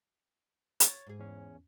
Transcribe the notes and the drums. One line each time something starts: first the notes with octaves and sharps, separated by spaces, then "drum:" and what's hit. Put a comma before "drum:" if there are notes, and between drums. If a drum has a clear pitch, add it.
C#5 A6, drum: hi-hat
G#2 G#4
E2 C#4